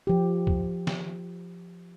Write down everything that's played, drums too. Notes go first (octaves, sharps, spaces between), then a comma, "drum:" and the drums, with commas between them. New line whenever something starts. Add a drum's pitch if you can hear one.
F3 G4
drum: kick
drum: snare